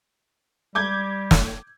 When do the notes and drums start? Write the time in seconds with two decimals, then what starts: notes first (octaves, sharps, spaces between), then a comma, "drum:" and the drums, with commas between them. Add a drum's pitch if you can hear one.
0.75 G3 D6 G6 G#6
1.31 drum: snare